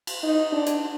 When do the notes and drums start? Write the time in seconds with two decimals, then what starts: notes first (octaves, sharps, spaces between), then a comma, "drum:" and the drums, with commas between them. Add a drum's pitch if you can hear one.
0.07 drum: cymbal
0.23 D#4
0.52 D4
0.66 drum: hi-hat